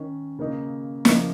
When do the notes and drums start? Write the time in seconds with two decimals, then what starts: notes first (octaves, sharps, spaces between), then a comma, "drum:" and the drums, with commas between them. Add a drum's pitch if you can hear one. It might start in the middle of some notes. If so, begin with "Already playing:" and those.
Already playing: D#3 C#4
0.39 C#3 A#3 D#4
1.05 C#3 F3 A#3 D#4, drum: snare